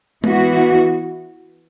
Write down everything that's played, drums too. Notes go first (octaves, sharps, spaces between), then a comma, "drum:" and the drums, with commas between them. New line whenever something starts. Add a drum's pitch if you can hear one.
E3 B3 F#4, drum: tom G#3